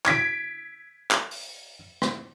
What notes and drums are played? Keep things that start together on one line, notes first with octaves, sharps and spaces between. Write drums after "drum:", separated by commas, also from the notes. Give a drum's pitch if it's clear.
G#6 B6 D7, drum: clap
drum: clap
drum: open hi-hat
drum: rim click